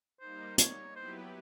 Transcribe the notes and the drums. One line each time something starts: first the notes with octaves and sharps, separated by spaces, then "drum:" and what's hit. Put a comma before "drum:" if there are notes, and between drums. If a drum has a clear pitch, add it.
G3 A#3 D#4 C5
C#5, drum: hi-hat
F#3 B3 E4 G4 B4 C5